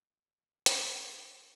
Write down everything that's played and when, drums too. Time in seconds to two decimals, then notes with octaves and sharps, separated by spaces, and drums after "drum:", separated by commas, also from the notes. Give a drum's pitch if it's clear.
0.66 D4 F5 A5, drum: hi-hat